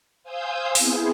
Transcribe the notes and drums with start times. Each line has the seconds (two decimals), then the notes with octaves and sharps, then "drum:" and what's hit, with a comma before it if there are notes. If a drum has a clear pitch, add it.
0.23 C5 F5 G#5 D#6 E6 G6
0.75 B3 C4 E4 G#4, drum: open hi-hat